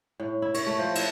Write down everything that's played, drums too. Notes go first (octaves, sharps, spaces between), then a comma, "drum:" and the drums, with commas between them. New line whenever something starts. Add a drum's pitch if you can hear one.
A2
E4
C#5, drum: cymbal
A3
F3
E4, drum: cymbal